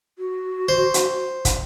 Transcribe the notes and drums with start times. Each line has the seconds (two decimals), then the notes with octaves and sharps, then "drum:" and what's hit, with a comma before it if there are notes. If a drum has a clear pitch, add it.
0.19 F#4
0.69 C5
0.94 drum: hi-hat
1.45 drum: kick, hi-hat